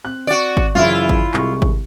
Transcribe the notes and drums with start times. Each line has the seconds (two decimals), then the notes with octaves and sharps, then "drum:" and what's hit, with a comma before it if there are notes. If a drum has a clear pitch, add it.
0.04 C4 F#6
0.27 F#4 D5
0.57 drum: kick G#1
0.75 F#2 C#3 E3 E4 F4
1.09 drum: kick G#1
1.34 C2 G#3 C#6, drum: clap
1.62 drum: kick G#1